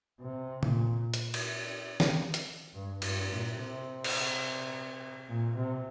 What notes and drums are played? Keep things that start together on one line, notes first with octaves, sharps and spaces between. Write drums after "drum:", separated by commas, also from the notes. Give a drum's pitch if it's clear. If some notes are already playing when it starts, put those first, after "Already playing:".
C3
A#2, drum: tom
drum: hi-hat
drum: cymbal
drum: snare
drum: hi-hat
G2
G2, drum: cymbal
A#2
C3
drum: cymbal
A#2
C3